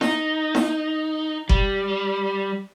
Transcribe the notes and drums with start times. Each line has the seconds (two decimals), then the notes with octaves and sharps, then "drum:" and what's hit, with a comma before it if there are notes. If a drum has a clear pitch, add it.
0.01 D#4, drum: snare E4
0.55 drum: snare E4
1.49 G3, drum: kick F#1